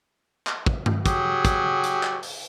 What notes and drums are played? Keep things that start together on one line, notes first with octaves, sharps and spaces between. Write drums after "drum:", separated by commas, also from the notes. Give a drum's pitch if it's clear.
drum: clap
drum: kick
drum: tom
F#3 G4 G#4, drum: kick, hi-hat
drum: kick, hi-hat
drum: hi-hat
drum: clap
drum: open hi-hat